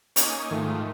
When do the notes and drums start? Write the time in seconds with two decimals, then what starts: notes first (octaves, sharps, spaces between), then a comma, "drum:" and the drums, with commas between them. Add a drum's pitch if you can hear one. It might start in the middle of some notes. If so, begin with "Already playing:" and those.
0.16 A#3 C#4 D#4 G#5, drum: hi-hat
0.51 G#2 D#3 F3 A3